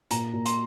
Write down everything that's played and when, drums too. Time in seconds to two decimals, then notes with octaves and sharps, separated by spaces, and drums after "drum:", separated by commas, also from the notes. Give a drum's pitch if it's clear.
0.11 A#2 A#5, drum: hi-hat
0.33 A#2
0.45 C6, drum: hi-hat